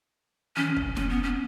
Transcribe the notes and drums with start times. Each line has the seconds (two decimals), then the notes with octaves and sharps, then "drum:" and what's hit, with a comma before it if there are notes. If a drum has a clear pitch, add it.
0.57 C#4, drum: tom D#3
0.76 drum: kick
0.97 C#4, drum: snare
1.09 B3
1.23 C#4